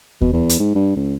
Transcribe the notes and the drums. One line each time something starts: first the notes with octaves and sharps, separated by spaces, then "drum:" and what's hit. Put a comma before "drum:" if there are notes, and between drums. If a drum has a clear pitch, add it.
B2, drum: kick D#2
E2
drum: hi-hat
G#2
G2
C#2